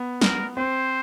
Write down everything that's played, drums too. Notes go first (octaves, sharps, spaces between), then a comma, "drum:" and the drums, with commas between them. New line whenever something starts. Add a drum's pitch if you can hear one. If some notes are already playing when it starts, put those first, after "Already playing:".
Already playing: B3
A#4, drum: snare
C4 C5